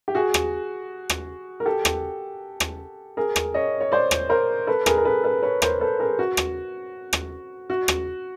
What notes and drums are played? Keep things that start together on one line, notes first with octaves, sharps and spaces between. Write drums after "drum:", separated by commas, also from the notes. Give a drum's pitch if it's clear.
G4
F#4 G#4
drum: rim click
drum: rim click
A#4
G4 A4
drum: rim click
drum: rim click
G#4 A#4
drum: rim click
C#5 D#5
C#5
C5 D5
drum: rim click
A#4 C5
A4 B4
G#4 A#4, drum: rim click
A#4
A4 B4
A4 B4
B4 C#5
A#4 C5, drum: rim click
A4 B4
G#4 A#4
F#4
drum: rim click
drum: rim click
F#4
drum: rim click